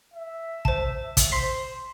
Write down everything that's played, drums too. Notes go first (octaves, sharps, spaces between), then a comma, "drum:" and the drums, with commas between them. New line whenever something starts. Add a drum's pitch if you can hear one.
E5
C5 A5, drum: kick
drum: kick, hi-hat
C5 C6 B6 C7